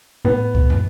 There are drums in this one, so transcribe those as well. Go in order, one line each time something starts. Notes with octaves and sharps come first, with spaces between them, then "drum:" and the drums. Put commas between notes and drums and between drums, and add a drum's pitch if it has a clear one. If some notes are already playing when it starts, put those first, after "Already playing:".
A2 B3
drum: kick C#2
drum: tom